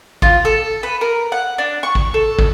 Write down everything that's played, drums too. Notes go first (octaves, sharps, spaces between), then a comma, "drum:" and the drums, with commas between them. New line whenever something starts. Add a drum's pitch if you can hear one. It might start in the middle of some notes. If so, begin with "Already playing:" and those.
F4, drum: kick
A4
B4
A#4
F#5
D4
C#6
drum: kick
A4
drum: kick